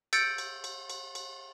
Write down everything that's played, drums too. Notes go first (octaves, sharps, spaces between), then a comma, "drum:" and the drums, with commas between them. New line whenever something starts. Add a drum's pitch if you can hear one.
E6 G6 A6 C#7 D7, drum: cymbal
drum: cymbal
drum: cymbal
drum: cymbal
drum: cymbal